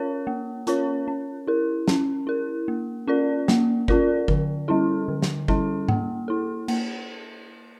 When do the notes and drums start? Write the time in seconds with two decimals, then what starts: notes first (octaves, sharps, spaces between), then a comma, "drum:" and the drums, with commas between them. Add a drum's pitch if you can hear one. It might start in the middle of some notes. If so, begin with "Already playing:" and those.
Already playing: C#4 F4 A#4 C#5
0.27 A#3
0.67 C#4 F4 A#4 C#5, drum: hi-hat
1.08 C#4
1.47 E4 A#4
1.88 C#4, drum: snare
2.27 E4 A#4
2.68 A#3
3.07 C#4 F4 A#4 D5
3.48 A#3, drum: snare
3.88 C#4 F4 A#4 D5, drum: kick G1
4.28 D3, drum: kick G1
4.68 G3 C#4 E4 A4
5.08 D3
5.22 drum: snare
5.48 G3 C#4 E4 A4, drum: kick G1
5.88 A#3, drum: tom G#2
6.28 E4 A4
6.68 A#3, drum: cymbal